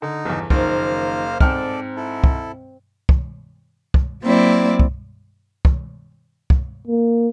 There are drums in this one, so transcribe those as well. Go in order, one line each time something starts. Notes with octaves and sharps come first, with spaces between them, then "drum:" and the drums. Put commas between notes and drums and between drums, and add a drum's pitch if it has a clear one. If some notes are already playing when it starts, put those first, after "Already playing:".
D3 D#4
G1 E2 A4
F#1 D#3 F3 A#3 C5 F5, drum: kick
G#2 C4 A4 D5 G5 A5 F6, drum: kick
E4 A4
drum: kick
drum: kick
drum: kick
F#3 A#3 C4 E4 D5
drum: kick
drum: kick
drum: kick
A#3